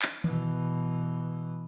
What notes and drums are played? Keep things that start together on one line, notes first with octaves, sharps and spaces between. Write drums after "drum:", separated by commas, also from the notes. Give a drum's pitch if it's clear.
drum: clap
B2 E3, drum: tom D#3